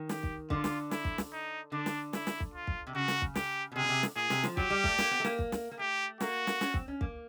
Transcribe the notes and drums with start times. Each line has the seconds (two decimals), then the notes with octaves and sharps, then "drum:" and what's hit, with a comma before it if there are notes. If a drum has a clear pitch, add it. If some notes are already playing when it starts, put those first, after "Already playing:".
Already playing: D#3
0.09 G4, drum: snare
0.23 drum: kick
0.50 D3 F4, drum: kick
0.64 drum: snare
0.91 E4, drum: snare
1.05 drum: kick
1.18 drum: snare
1.32 D#4
1.72 D3 D4
1.86 drum: snare
2.13 E4, drum: snare
2.27 drum: snare
2.40 drum: kick
2.54 F4
2.67 drum: kick
2.87 C3
2.95 C#3 F#4
3.08 drum: snare
3.22 drum: kick
3.35 G4, drum: snare
3.72 B2
3.75 C3 G#4
3.84 B2
3.89 C3
4.03 drum: snare
4.16 A#2 G#4
4.30 C3, drum: snare
4.43 F3, drum: snare
4.57 F#3 G4, drum: kick
4.70 G3
4.84 A3, drum: kick
4.99 A#3, drum: snare
5.11 B3
5.20 A3
5.25 A#3, drum: snare
5.39 drum: kick
5.52 drum: snare
5.71 A#3
5.79 A3 G4
6.21 A#3 F#4, drum: snare
6.47 drum: snare
6.61 C#4, drum: snare
6.74 C4, drum: kick
6.88 C#4
7.01 A#3, drum: kick